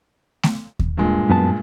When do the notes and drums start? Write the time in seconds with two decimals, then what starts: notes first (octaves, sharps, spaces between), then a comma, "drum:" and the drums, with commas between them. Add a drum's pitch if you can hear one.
0.43 drum: snare A3
0.79 drum: kick D#2
0.97 G2 A#2 G#3
1.30 F#2 B3 A5